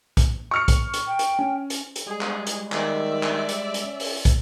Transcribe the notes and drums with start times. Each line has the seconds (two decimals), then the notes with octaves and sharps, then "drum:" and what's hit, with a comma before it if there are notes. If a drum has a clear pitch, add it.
0.17 drum: kick, hi-hat
0.51 C#6 F6 C#7
0.68 drum: kick, hi-hat
0.94 drum: hi-hat
1.07 G5
1.19 drum: hi-hat
1.39 C#4
1.70 drum: hi-hat
1.96 drum: hi-hat
2.07 G3 G#3 G#4
2.21 drum: clap
2.47 drum: hi-hat
2.72 D#3 D5 E5, drum: clap
3.23 drum: clap
3.49 drum: hi-hat
3.74 drum: hi-hat
3.83 C#4
4.00 drum: open hi-hat
4.25 drum: kick, hi-hat